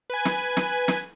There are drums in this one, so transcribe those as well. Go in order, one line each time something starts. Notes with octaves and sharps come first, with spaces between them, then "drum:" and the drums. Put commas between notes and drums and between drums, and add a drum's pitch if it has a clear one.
B4 G#5
drum: snare
drum: snare
drum: snare